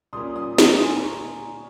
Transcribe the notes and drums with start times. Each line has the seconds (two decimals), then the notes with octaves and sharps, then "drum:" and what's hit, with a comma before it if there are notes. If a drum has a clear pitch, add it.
0.13 A#2 G3 A#3 C#4 C6 D#6
0.36 C6 D#6
0.58 C6 D#6, drum: snare
0.81 G#5 C6
1.04 A#5 C#6